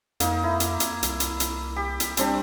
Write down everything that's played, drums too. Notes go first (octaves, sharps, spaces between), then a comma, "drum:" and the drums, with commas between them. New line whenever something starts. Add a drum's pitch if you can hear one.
F2 A#3 D#4, drum: hi-hat
E4
drum: hi-hat
drum: hi-hat
C2, drum: hi-hat
drum: hi-hat
drum: hi-hat
G4
drum: hi-hat
G3 C4 D4, drum: hi-hat